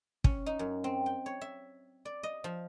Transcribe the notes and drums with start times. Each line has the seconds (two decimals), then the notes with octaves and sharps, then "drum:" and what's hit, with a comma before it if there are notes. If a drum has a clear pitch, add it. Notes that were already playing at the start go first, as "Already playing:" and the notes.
0.24 C#4, drum: kick
0.46 D#4
0.59 F#2
0.84 C4
1.06 G5
1.26 C#5
1.41 E5
2.05 D5
2.23 D#5
2.44 F3